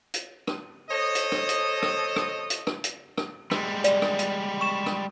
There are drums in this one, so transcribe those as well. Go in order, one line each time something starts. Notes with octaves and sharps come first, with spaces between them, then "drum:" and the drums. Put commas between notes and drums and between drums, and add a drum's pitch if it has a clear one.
drum: hi-hat
drum: rim click
A4 C5 C#5 D#5
drum: hi-hat
drum: rim click
drum: hi-hat
drum: rim click
drum: rim click
drum: hi-hat
drum: rim click
drum: hi-hat
drum: rim click
G3 G#3, drum: rim click
D5, drum: hi-hat
drum: rim click
drum: hi-hat
C#6 E7
drum: rim click